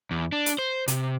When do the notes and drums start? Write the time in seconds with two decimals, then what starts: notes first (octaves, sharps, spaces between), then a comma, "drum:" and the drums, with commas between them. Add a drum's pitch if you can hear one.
0.11 E2
0.32 D4
0.46 drum: hi-hat
0.59 C5
0.88 C3, drum: hi-hat